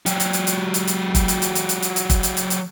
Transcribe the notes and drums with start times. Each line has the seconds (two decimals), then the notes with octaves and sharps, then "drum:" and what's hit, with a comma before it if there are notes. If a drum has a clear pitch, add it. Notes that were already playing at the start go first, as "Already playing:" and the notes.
0.06 F#3 G4, drum: hi-hat
0.20 drum: hi-hat
0.33 drum: hi-hat
0.47 drum: hi-hat
0.74 drum: hi-hat
0.87 drum: hi-hat
1.15 drum: kick, hi-hat
1.28 drum: hi-hat
1.42 drum: hi-hat
1.55 drum: hi-hat
1.69 drum: hi-hat
1.82 drum: hi-hat
1.96 drum: hi-hat
2.10 drum: kick, hi-hat
2.23 drum: hi-hat
2.37 drum: hi-hat
2.50 drum: hi-hat